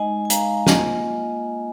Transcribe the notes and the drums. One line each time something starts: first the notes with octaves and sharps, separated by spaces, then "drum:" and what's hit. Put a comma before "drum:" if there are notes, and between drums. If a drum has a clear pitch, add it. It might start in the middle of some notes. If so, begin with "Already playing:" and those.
Already playing: G#3 D#4 D#5 G#5
G#5
F5 A#5, drum: hi-hat
A#3 F4 D#5 G#5, drum: snare